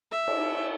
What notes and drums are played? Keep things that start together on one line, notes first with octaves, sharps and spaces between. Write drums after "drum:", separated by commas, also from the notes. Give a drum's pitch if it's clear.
E5
drum: cymbal